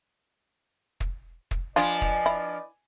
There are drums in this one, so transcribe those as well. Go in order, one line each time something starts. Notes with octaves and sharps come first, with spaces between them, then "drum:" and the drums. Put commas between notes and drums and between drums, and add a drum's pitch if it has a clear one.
drum: kick
drum: kick
F3 D4 F4 B4 D5 D#5 G#5
drum: kick
E4